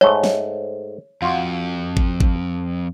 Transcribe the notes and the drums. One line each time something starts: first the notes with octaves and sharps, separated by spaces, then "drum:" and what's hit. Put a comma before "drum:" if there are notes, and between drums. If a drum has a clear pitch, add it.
G#2 A3 C#5
drum: snare
F2 F4 F#4
drum: kick G#1
drum: kick G#1